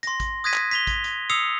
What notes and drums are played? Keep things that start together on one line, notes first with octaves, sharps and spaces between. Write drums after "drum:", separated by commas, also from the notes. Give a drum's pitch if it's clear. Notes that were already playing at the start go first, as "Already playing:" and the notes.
C6 A#6, drum: hi-hat
drum: kick A1, hi-hat
D#6 F#6 G#6 A#6 B6 D#7
drum: clap
B6 F7 G7, drum: hi-hat
drum: kick A1, hi-hat
drum: hi-hat
D#6 E6 C7 C#7 F7